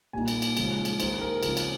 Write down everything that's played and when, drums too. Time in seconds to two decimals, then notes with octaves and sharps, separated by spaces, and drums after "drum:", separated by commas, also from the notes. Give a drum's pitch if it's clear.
0.13 A#2 G3 A#3 D#4 G#5
0.28 drum: cymbal
0.42 drum: cymbal
0.57 C#2 C#3 F3 G#3, drum: cymbal
0.85 drum: cymbal
1.00 D#2 D#3 A#3 D#4 C5, drum: cymbal
1.21 A#4
1.43 C#2 C#3 F3 C4 F4, drum: cymbal
1.57 drum: cymbal